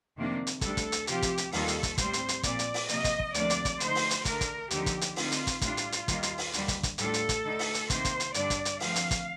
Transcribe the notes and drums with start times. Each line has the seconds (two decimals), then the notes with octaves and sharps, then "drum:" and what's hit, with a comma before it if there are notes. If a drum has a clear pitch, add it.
0.16 F2 C3 D#3 A#3 D4
0.47 drum: hi-hat
0.61 D2 C3 G3 D4 A4, drum: kick, hi-hat
0.77 drum: kick, hi-hat
0.92 drum: hi-hat
1.07 C3 F3 C4 F4 G4, drum: hi-hat
1.22 drum: kick, hi-hat
1.38 drum: hi-hat
1.52 D#2 D#3 G3 A#3 F4 A4, drum: open hi-hat
1.68 drum: hi-hat
1.83 drum: kick, hi-hat
1.98 A2 G3 C4 C5, drum: kick, hi-hat
2.13 drum: hi-hat
2.29 drum: hi-hat
2.43 A#2 F3 C4 D5, drum: kick, hi-hat
2.59 drum: hi-hat
2.74 drum: open hi-hat
2.89 C3 F3 A#3 D#5, drum: hi-hat
3.04 drum: kick, hi-hat
3.19 drum: kick
3.34 D2 C3 F3 A#3 D4 D5, drum: hi-hat
3.50 drum: hi-hat
3.65 drum: kick, hi-hat
3.80 D3 A3 D#4 C5, drum: hi-hat
3.95 drum: open hi-hat
4.10 drum: hi-hat
4.25 D3 A3 D4 A#4, drum: kick, hi-hat
4.41 drum: kick, hi-hat
4.70 D#2 D3 F3 C4 D#4 G4, drum: hi-hat
4.86 drum: kick, hi-hat
5.01 drum: hi-hat
5.16 D3 A3 C4 D#4 F4, drum: open hi-hat
5.32 drum: hi-hat
5.47 drum: kick, hi-hat
5.61 A2 G3 D4 F4, drum: kick, hi-hat
5.77 drum: hi-hat
5.92 drum: hi-hat
6.08 D#2 D#3 G3 A#3, drum: kick, hi-hat
6.23 drum: hi-hat
6.38 drum: open hi-hat
6.54 D#2 D3 G3, drum: hi-hat
6.68 drum: kick, hi-hat
6.83 drum: kick, hi-hat
6.98 A2 G3 D4 F4 A4, drum: hi-hat
7.14 drum: hi-hat
7.29 drum: kick, hi-hat
7.44 D3 A3 D#4
7.59 drum: open hi-hat
7.74 drum: hi-hat
7.90 C3 D#3 A#3 C5, drum: kick, hi-hat
8.05 drum: kick, hi-hat
8.20 drum: hi-hat
8.34 G2 D3 G3 D4 D5, drum: hi-hat
8.50 drum: kick, hi-hat
8.65 drum: hi-hat
8.80 D3 F3 A3 C4 F5, drum: open hi-hat
8.96 drum: hi-hat
9.11 drum: kick, hi-hat